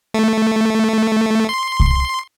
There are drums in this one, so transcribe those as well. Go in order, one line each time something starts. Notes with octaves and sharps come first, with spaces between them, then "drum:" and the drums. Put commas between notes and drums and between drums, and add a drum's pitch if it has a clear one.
A3
C6
drum: kick C2